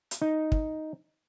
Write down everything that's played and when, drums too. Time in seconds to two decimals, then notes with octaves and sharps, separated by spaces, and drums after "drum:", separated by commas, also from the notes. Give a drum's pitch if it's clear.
0.11 drum: hi-hat
0.22 D#4
0.52 drum: kick